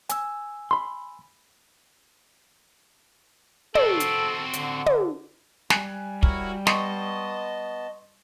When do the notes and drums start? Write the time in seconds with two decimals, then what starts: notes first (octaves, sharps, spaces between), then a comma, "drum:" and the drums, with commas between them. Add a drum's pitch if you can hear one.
0.09 G#5 E6, drum: hi-hat
0.71 B5 C6
3.75 C4 F#4 A4, drum: tom
4.00 drum: hi-hat
4.53 D3, drum: hi-hat
4.86 drum: tom
5.70 G3 G#5 F#6, drum: snare
6.23 E4 F#4 A#4 C#5, drum: kick
6.67 B3 D#5 A5 C6 C#6 D#6, drum: snare